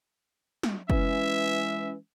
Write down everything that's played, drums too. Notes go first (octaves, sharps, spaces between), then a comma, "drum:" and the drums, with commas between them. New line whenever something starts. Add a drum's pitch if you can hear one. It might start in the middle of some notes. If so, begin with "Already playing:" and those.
drum: snare
E3 G#3 C#4 E5, drum: kick